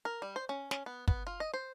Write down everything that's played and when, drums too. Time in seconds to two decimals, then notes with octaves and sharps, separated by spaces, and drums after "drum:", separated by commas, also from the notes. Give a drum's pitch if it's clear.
0.05 A#4
0.22 G3
0.36 C5
0.49 C#4
0.71 C#4, drum: snare
0.86 B3
1.08 B3, drum: kick
1.27 F4
1.40 D#5
1.54 C5